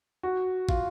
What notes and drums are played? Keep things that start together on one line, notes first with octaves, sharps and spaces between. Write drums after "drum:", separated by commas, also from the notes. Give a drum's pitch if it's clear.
F#4
F4, drum: kick